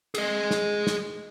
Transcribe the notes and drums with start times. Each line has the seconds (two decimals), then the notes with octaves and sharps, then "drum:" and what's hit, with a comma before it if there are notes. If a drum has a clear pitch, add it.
0.15 G#4 D#5, drum: cymbal
0.51 drum: snare
0.87 drum: snare